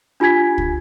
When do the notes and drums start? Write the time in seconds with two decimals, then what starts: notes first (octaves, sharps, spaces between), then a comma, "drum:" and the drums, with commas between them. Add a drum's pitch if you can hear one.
0.20 D4 F4 G4 G#5 G#6 B6
0.58 drum: kick